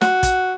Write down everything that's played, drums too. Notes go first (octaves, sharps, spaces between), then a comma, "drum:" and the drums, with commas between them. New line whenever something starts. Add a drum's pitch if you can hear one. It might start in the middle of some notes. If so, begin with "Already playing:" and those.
F#4, drum: snare
drum: kick, hi-hat